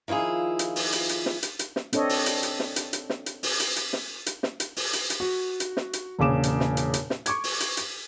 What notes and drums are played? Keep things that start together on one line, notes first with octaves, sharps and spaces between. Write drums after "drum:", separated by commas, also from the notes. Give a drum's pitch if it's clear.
D#3 F3 E4 F4 G#4
drum: hi-hat
drum: open hi-hat
drum: hi-hat
drum: hi-hat
drum: snare
drum: hi-hat
drum: hi-hat
drum: snare
C4 D4 A4 C#5 D#5, drum: hi-hat
drum: open hi-hat
drum: hi-hat
drum: hi-hat
drum: snare
drum: hi-hat
drum: hi-hat
drum: snare
drum: hi-hat
drum: open hi-hat
drum: hi-hat
drum: hi-hat
drum: snare
drum: hi-hat
drum: snare
drum: hi-hat
drum: open hi-hat
drum: hi-hat
drum: hi-hat
F#4
drum: hi-hat
drum: snare
drum: hi-hat
E1 A#2 C#3 D6 E7
drum: hi-hat
drum: snare
drum: hi-hat
drum: hi-hat
drum: snare
C#6 D6 G#6, drum: hi-hat
drum: open hi-hat
drum: hi-hat
drum: hi-hat